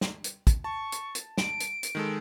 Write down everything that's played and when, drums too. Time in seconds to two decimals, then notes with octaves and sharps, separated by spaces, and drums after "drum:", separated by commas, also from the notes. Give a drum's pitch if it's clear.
0.01 drum: snare
0.24 drum: hi-hat
0.47 drum: kick, hi-hat
0.64 A5 C#6
0.92 drum: hi-hat
1.15 drum: hi-hat
1.38 D7, drum: snare
1.60 drum: hi-hat
1.83 drum: hi-hat
1.95 D#3 G#3 A4